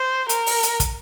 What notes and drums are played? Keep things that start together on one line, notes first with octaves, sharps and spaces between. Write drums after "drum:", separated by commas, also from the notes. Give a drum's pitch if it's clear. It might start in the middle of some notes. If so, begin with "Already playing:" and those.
Already playing: C5
A#4, drum: hi-hat
drum: open hi-hat
drum: hi-hat
drum: kick, hi-hat